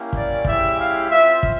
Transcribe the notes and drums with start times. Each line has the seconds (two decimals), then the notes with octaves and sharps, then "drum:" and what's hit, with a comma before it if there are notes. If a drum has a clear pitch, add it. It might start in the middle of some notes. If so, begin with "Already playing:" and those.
Already playing: A#3 C#4 E4 G4
0.13 D5, drum: kick
0.45 G#3 C#4 E4 G4 E5, drum: kick
0.78 F5
1.10 C4 F4 E5
1.43 drum: kick